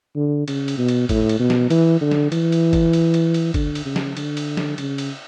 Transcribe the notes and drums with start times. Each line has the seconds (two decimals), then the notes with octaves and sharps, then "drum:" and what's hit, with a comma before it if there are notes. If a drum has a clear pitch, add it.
0.16 D3
0.48 C#3, drum: cymbal
0.68 drum: cymbal
0.78 B2
0.88 drum: cymbal
1.09 A2, drum: kick, cymbal
1.29 drum: cymbal
1.40 B2
1.50 drum: snare
1.70 E3, drum: cymbal
2.01 D3
2.11 drum: snare
2.32 E3, drum: cymbal
2.52 drum: cymbal
2.73 drum: kick, cymbal
2.93 drum: cymbal
3.14 drum: cymbal
3.34 drum: cymbal
3.54 D3, drum: kick, cymbal
3.75 drum: cymbal
3.86 C#3
3.96 drum: snare
4.17 D3, drum: cymbal
4.37 drum: cymbal
4.57 drum: snare
4.78 C#3, drum: cymbal
4.98 drum: cymbal